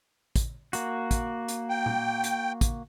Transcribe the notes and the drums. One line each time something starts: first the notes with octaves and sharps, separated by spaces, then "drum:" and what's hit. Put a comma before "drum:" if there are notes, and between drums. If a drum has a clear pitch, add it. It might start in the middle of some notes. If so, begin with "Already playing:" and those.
drum: kick, hi-hat
A#3 F#4, drum: hi-hat
drum: kick, hi-hat
drum: hi-hat
G5
drum: tom A#2
drum: hi-hat
drum: kick, hi-hat